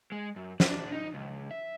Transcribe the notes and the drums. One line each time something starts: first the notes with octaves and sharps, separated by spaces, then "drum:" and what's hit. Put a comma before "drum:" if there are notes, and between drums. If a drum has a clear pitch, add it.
G#3
F#2
D4, drum: snare
D#4
C#2
E5